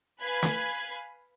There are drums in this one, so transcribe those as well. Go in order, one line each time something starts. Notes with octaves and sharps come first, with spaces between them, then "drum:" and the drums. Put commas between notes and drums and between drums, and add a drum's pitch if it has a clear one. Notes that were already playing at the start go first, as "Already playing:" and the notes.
B4 F5 G#5 B5 F#6 G#6
drum: snare